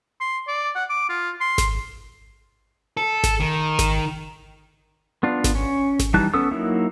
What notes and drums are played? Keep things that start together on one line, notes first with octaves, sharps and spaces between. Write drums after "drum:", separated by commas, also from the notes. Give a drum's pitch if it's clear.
C6
D5
F#5
D6
F4
C6
drum: snare G#1
A4
drum: snare G#1
D#3
drum: snare G#1
B3 D4 F4
drum: snare G#1
C#4
drum: snare G#1
E3 G3 D#4 A5 F#6
B3 C#4 A4 D#6 E6
F#3 A#3 D#4 E4 E5